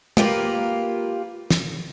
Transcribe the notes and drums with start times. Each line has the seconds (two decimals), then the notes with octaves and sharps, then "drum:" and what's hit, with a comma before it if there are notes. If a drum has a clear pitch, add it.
0.17 A#3 F4 G4 B4, drum: tom
1.50 drum: snare